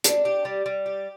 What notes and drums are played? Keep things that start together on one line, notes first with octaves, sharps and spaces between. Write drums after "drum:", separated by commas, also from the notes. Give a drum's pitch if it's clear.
D4, drum: hi-hat
G4
G3
G3
G4